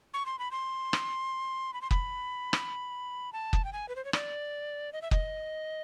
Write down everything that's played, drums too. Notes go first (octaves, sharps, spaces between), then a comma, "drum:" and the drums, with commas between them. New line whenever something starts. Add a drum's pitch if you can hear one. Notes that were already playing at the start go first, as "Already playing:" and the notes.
C#6
C6
B5
C6
drum: rim click
B5
C6
B5, drum: kick
drum: rim click
A5
drum: kick
G5
G#5
B4
C5
C#5
D5, drum: rim click
D#5
E5
D#5, drum: kick